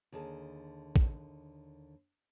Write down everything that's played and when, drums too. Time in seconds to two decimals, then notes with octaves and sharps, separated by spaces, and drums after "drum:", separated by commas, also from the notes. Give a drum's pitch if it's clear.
0.12 D#2 D3 G#4 A5
0.96 drum: kick